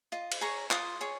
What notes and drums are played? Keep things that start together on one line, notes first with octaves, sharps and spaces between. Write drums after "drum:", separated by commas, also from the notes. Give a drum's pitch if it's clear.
F4 D#5
drum: cymbal
G#4 C#5 A#5 C#6
F4 C6 D#6, drum: clap
G#4 C#5